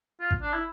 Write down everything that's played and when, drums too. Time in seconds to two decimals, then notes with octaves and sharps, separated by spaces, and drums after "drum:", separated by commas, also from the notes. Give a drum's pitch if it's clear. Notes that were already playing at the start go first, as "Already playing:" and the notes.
0.20 F4
0.31 drum: kick
0.42 D4
0.53 E4